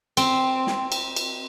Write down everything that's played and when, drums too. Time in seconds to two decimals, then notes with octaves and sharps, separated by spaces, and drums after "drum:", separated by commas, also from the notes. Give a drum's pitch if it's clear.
0.17 C4, drum: cymbal
0.67 drum: snare
0.92 drum: cymbal
1.16 drum: cymbal